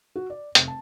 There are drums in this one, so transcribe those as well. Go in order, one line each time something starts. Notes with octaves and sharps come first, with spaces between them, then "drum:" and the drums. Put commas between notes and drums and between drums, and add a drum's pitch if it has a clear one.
F#4
D5
F1, drum: hi-hat
A5